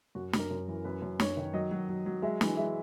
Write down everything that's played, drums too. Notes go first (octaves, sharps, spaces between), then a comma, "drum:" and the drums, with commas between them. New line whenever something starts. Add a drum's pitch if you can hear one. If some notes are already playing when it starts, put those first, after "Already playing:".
F#2 F#4
F#2, drum: snare
A#4
F#2
E3
F#2 B4
F#2
F#2 C#5, drum: snare
D#3
F#3 D#5
F#3
F#3
F#3
G#3 E5
E3, drum: snare
G#3 E5